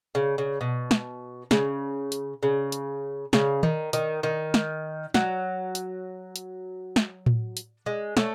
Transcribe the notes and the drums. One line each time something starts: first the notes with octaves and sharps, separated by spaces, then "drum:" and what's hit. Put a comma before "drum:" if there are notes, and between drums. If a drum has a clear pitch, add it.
C#3
C#3
B2
drum: snare
C#3, drum: snare
drum: hi-hat
C#3
drum: hi-hat
C#3, drum: snare
D#3, drum: tom D#3
D#3, drum: hi-hat
D#3
drum: snare
F#3, drum: snare
drum: hi-hat
drum: hi-hat
drum: snare
drum: tom A2
drum: hi-hat
G#3
A3 C#4, drum: snare